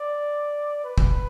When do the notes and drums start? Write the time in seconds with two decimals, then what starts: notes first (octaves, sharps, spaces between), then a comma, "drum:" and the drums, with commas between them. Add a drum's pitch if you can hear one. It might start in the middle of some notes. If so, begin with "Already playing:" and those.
Already playing: D5
0.84 B4
0.98 drum: kick